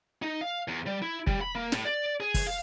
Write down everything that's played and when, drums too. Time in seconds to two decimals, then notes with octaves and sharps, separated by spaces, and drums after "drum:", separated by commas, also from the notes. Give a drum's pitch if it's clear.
0.22 D#4
0.41 F5
0.68 E2
0.86 G3
1.02 E4
1.27 G3, drum: kick
1.41 B5
1.55 A#3
1.72 A2, drum: snare
1.85 D5
2.20 G#4
2.34 drum: kick, open hi-hat
2.47 F5